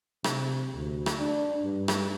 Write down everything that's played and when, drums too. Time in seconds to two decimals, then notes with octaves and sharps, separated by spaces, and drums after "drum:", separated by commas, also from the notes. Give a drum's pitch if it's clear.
0.24 C3, drum: rim click
0.74 D2
1.06 drum: rim click
1.19 D4
1.63 G2
1.88 drum: rim click